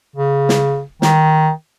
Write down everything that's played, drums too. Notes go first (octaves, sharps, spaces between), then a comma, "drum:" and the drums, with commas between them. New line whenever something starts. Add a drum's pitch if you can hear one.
C#3
drum: snare
D#3, drum: snare